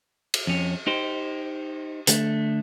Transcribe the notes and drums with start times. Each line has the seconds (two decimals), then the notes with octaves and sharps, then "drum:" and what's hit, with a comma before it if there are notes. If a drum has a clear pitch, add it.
0.34 drum: cymbal
0.47 F2 C#4
0.87 D#4 G4 C5
2.07 D3 A3, drum: hi-hat